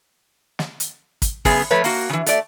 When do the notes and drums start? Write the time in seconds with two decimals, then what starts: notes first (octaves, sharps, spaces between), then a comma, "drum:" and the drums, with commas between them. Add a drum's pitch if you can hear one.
0.59 drum: snare
0.80 drum: hi-hat
1.22 drum: kick, hi-hat
1.45 F#2 C#3 B3 G#4, drum: kick, open hi-hat
1.71 F3 A3 B4 C#5
1.84 A#3 F#4, drum: open hi-hat
2.10 C#3 E3
2.26 A3 D5, drum: hi-hat